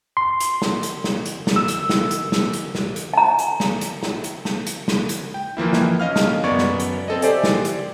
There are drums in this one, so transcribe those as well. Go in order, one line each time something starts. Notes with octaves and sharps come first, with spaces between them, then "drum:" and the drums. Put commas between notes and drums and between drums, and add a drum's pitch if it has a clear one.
C6
drum: hi-hat
drum: snare
drum: hi-hat
drum: snare
drum: hi-hat
drum: snare
E6
drum: hi-hat
drum: snare
drum: hi-hat
drum: snare
drum: hi-hat
drum: snare
drum: hi-hat
G#5 A#5
drum: hi-hat
drum: snare
drum: hi-hat
drum: snare
drum: hi-hat
drum: snare
drum: hi-hat
drum: snare
drum: hi-hat
G5
E3 F3 A#3 E4
drum: snare
C#4 D#5 F5 F6
drum: snare
F#2 B3 D5 C#6 G#6
drum: snare
drum: hi-hat
C4 A4 D#5
G4 C5 D5 E5 G#5, drum: hi-hat
drum: snare
drum: hi-hat